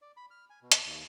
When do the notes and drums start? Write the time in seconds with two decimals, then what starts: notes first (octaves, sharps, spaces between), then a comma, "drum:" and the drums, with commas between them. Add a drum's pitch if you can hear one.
0.02 D5
0.17 B5
0.31 F6
0.50 G#5
0.62 B2
0.72 drum: hi-hat
0.85 D#2